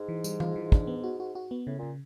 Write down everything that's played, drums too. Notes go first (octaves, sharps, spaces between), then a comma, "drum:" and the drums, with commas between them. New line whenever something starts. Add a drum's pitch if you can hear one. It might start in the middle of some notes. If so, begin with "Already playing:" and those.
Already playing: G#2
E3
G3, drum: tambourine
F4, drum: tom E3
E3
D4, drum: kick
B3
F#4
F#4
F#4
B3
A2 C#3
A#2 C#3